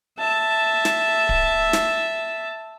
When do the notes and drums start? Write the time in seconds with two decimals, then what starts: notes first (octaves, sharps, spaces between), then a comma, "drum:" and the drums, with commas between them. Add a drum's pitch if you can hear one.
0.19 E5 A5
0.85 drum: snare
1.29 drum: kick D1
1.73 drum: snare